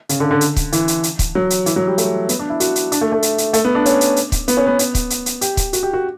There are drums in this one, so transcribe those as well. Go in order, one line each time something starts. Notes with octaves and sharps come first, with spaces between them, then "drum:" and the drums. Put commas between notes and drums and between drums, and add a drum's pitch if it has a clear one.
C#3, drum: hi-hat
D3
D3
drum: hi-hat
drum: kick, hi-hat
E3, drum: hi-hat
drum: hi-hat
drum: hi-hat
drum: kick, hi-hat
F#3
drum: hi-hat
E3, drum: hi-hat
F#3
G3
A3, drum: hi-hat
B3, drum: hi-hat
D4
E4
F#4, drum: hi-hat
drum: hi-hat
D4, drum: hi-hat
A3
A3
drum: hi-hat
drum: hi-hat
A3, drum: hi-hat
B3
D4
C#4, drum: hi-hat
drum: hi-hat
drum: hi-hat
drum: kick, hi-hat
B3, drum: hi-hat
C#4
B3
B3, drum: hi-hat
drum: kick, hi-hat
drum: hi-hat
drum: hi-hat
G4, drum: hi-hat
drum: kick, hi-hat
F#4, drum: hi-hat
G4
F#4